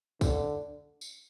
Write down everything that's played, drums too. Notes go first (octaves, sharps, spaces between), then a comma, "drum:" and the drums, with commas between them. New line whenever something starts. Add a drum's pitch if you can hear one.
D3, drum: kick, tambourine
drum: tambourine